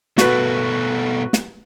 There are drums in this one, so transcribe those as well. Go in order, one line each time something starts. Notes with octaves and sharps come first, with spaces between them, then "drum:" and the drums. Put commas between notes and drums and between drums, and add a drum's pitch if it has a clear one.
B2 A3 F#4 B4, drum: snare
drum: snare